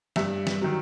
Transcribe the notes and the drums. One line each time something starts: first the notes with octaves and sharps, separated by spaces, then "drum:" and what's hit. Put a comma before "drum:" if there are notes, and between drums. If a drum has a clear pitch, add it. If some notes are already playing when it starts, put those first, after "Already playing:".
G2 E5, drum: snare
drum: snare
D#3 F#3